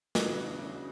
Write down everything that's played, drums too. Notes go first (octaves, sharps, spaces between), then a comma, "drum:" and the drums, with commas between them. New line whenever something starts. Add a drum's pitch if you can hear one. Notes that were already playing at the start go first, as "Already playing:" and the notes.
E2 C#3 E3 G#3 B3 D4 F#4, drum: snare
D4
C#4 E4